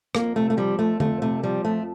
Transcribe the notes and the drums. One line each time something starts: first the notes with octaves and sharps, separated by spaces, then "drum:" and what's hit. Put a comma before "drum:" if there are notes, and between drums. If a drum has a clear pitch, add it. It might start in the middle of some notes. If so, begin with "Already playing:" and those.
F2 A#3, drum: rim click
C3 A3
A3
F3 G3
F2 A3
F2 A3, drum: tom D3
C3 A3
F3 G3
F2 A3